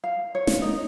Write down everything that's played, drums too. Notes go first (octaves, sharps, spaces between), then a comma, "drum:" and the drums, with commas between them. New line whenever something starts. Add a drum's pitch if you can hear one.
F5
C#5
drum: snare
D#4